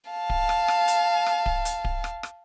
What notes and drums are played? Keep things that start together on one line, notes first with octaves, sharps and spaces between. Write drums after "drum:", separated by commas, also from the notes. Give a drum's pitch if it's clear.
F5 A5
drum: kick D1
drum: rim click
drum: rim click
drum: hi-hat
drum: rim click
drum: kick D1
drum: hi-hat
drum: kick D1
drum: rim click
drum: rim click